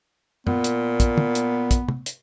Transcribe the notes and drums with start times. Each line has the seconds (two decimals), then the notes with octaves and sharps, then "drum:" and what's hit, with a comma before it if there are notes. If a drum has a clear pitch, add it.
0.47 A#2 B3, drum: tom
0.64 drum: hi-hat
1.00 drum: kick, hi-hat
1.18 drum: tom
1.35 drum: hi-hat
1.71 drum: kick, hi-hat
1.88 drum: tom
2.06 drum: hi-hat